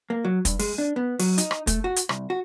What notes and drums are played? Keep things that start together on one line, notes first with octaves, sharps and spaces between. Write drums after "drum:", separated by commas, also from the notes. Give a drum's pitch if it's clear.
A#3
F#3
G2, drum: kick, hi-hat
G#3, drum: open hi-hat
D4
B3
F#3, drum: open hi-hat
D#4, drum: hi-hat
drum: rim click
A3, drum: kick, hi-hat
F#4
drum: hi-hat
C2, drum: rim click
F#4